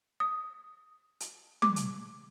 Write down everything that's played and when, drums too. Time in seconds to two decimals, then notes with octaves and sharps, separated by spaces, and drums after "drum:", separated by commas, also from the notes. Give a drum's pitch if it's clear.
0.20 D#6
1.20 drum: hi-hat
1.62 D6, drum: tom
1.76 drum: hi-hat